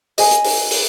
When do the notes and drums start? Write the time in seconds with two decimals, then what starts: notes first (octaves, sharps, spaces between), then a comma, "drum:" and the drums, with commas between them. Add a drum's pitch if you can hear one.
0.18 D#5 G#5, drum: open hi-hat
0.31 drum: hi-hat
0.44 drum: open hi-hat
0.71 drum: open hi-hat